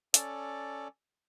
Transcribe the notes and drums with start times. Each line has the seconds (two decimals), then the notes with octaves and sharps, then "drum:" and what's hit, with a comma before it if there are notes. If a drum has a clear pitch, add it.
0.14 C#4 A4 D5, drum: hi-hat